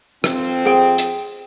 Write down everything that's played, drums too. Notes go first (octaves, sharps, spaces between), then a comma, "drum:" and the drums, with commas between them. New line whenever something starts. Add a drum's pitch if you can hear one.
F2 C4, drum: rim click
G#4 G5
drum: hi-hat